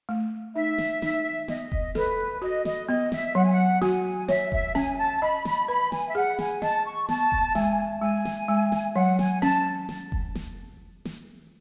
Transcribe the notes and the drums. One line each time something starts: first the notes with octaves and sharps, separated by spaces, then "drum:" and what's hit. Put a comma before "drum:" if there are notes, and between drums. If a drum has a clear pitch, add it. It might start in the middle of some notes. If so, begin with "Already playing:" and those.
A3
D#4 E5
drum: snare
D#4, drum: snare
B3 D#5, drum: snare
drum: kick F1
A4 B4, drum: snare
F#4 D#5
D#5, drum: snare
B3 D#5
E5, drum: snare
F#3 F#5
G#5
F#5
F#4 G#5, drum: snare
C#5 E5, drum: snare
E5, drum: kick F1
C#4 G#5, drum: snare
A5
D#5 B5
B5, drum: snare
B4 B5
G#5, drum: snare
E5
G#4 F#5
G#5, drum: snare
D#5 A5, drum: snare
C#6
B3 A5, drum: snare
drum: kick F1
G#3 G#5, drum: snare
G#3 G#5
drum: snare
G#3
drum: snare
F#3 F#5
G#5, drum: snare
C#4 A5, drum: snare
drum: snare
drum: kick F1
drum: snare
drum: snare